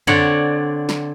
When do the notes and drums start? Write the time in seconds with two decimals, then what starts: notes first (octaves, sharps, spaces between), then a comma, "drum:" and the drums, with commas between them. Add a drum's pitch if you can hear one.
0.07 D3 C4 C#5 D5 F#5, drum: tom
0.89 drum: snare